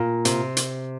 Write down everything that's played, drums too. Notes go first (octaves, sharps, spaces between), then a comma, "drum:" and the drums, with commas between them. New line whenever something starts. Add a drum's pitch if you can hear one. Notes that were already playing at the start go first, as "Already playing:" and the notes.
Already playing: A#2
C3, drum: hi-hat
drum: hi-hat